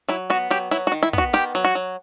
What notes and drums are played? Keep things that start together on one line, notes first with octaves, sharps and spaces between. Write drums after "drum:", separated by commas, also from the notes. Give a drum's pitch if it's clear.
F#3 E4
B3 F#4
F#3 G4
F#3 E4, drum: hi-hat
F#4
D#3
E4
B3 F#4, drum: kick, hi-hat
D#3 G4
F#3
F#4
F#3